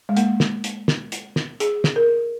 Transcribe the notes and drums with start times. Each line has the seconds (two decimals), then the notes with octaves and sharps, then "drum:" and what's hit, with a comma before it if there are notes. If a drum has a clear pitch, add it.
0.09 G#3
0.17 A#3, drum: hi-hat
0.40 drum: snare
0.64 drum: hi-hat
0.88 drum: snare
1.12 drum: hi-hat
1.36 drum: snare
1.60 G#4, drum: hi-hat
1.84 drum: snare
1.96 A#4